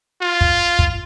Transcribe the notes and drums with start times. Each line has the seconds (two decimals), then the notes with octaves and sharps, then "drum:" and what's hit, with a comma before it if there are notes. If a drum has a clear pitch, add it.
0.22 F4
0.41 drum: kick
0.79 drum: kick